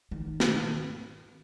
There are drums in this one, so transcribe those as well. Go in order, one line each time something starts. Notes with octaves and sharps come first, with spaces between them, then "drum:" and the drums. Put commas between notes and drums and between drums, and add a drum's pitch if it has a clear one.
D#3
drum: snare